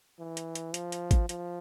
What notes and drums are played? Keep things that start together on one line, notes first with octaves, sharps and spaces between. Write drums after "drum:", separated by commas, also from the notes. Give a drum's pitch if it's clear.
E3
drum: hi-hat
drum: hi-hat
F3, drum: hi-hat
drum: hi-hat
drum: kick, hi-hat
F3, drum: hi-hat